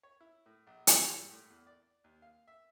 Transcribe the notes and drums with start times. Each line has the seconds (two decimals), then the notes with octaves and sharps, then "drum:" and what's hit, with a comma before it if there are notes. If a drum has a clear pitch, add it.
0.03 C#5
0.21 E4
0.46 A2
0.67 A#1
0.87 G#2, drum: hi-hat
1.15 G2
1.31 A2
1.50 E2
1.67 D5
2.04 D#2
2.22 F5
2.48 E5